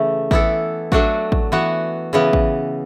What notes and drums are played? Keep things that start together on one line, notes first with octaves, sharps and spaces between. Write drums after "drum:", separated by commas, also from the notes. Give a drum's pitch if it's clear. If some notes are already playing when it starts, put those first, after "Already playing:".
Already playing: C#3 E3 A3
E3 B3 E4 A4, drum: kick A1
F#3 A3 D4 F#4, drum: kick A1
drum: kick A1
E3 B3 F#4
C#3 E3 B3
drum: kick A1